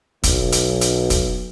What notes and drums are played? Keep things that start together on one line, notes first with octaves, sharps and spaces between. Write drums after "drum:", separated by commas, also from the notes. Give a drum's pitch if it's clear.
B1, drum: kick, hi-hat
drum: hi-hat
drum: hi-hat
drum: kick, hi-hat